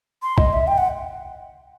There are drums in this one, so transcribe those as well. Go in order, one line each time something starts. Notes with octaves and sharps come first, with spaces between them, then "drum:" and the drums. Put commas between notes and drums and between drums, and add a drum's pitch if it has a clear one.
C6
D#5, drum: kick
E5
G5
F#5